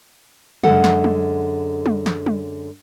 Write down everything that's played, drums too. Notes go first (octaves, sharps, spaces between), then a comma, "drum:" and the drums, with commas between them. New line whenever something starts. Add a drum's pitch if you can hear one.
F#2 D3 G#3 C#4 A4 F#5, drum: tom
drum: snare
drum: tom
drum: tom
drum: snare
drum: tom